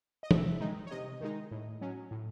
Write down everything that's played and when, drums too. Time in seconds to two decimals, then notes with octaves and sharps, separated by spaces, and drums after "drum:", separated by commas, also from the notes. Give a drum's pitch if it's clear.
0.23 D#5
0.31 C3 E5, drum: tom E3
0.61 D#3 G#3 D#4
0.87 C#5
0.91 C3 D#5
1.21 D#3 G#3 D#4
1.51 A2
1.81 F#3 C#4
2.11 A2